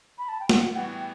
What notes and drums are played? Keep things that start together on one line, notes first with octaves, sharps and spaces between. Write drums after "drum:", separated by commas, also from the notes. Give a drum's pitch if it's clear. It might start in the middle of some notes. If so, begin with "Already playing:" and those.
B5
A5
G5
A2 F#5, drum: snare
E3 G3 B3 F#4 G5